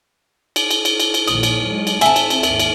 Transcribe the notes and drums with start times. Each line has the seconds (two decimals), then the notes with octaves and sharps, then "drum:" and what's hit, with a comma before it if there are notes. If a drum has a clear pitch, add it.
0.56 drum: cymbal
0.71 drum: cymbal
0.85 drum: cymbal
1.00 drum: cymbal
1.14 drum: cymbal
1.27 A#1 D#2 D#6, drum: cymbal
1.43 drum: cymbal
1.65 F#3 G#3
1.87 drum: cymbal
2.01 A1 C4 E5 G#5 A5, drum: cymbal
2.16 drum: cymbal
2.30 drum: cymbal
2.43 G#1 D#2 A#4, drum: cymbal
2.59 drum: cymbal